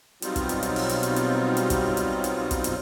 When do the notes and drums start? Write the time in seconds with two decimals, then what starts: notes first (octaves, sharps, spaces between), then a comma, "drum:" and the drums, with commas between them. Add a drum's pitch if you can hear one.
0.22 B2 F#3 G3 C4 D#4 F4, drum: hi-hat
0.36 drum: kick, hi-hat
0.49 drum: hi-hat
0.63 drum: hi-hat
0.76 drum: open hi-hat
0.89 drum: hi-hat
1.03 drum: hi-hat
1.16 drum: hi-hat
1.57 drum: hi-hat
1.70 drum: kick, hi-hat
1.97 drum: hi-hat
2.24 drum: hi-hat
2.51 drum: kick, hi-hat
2.64 drum: hi-hat